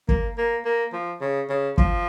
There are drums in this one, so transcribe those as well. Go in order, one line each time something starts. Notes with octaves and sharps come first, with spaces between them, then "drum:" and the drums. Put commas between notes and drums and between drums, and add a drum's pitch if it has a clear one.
A#3, drum: kick
A#3
A#3
F3
C#3
C#3
F3, drum: kick